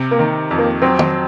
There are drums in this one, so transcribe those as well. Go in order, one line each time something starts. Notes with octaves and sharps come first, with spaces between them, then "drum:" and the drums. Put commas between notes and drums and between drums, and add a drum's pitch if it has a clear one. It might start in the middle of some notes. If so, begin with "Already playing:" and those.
Already playing: C3
A#3
D#3
F2
A#3
F#3 C4
drum: tom